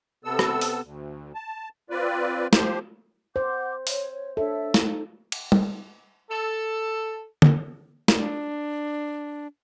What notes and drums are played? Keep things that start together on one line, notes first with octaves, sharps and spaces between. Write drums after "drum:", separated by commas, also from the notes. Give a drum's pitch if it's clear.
C3 B3 A4 E6
drum: rim click
drum: open hi-hat
D2
A5
C4 F4 B4 D5
F3 G4 C5, drum: snare
C5 F#5 D6 G6
C#5, drum: open hi-hat
D4 A4 C#5 E5
drum: snare
D#4
drum: cymbal
drum: tom G3
A4
drum: tom D3
drum: snare
D4